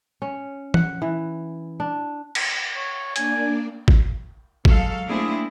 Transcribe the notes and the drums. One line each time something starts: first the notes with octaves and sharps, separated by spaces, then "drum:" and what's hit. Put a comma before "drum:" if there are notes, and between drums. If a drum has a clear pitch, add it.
C#4
F#5, drum: tom
E3
D4
drum: cymbal
C#5
A#3 D4 D5 G#5, drum: hi-hat
drum: kick G#1
F#3 G#3 A4 F5, drum: kick G#1
A3 A#3 C4 D4 E4 G#4